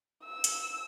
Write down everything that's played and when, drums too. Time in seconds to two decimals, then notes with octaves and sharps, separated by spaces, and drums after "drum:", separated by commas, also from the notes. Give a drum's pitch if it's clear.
0.24 E6
0.44 drum: hi-hat